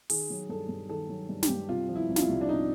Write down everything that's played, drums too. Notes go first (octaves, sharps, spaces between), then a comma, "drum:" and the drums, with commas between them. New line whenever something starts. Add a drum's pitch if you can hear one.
D#3 G#4, drum: open hi-hat
F#3
G2 A4
G2
D#3 A4
F#3
G2
G4, drum: snare
G2
C3 F4
F3
E4
C2
F4, drum: snare
E4
C2
D4
C3 D#4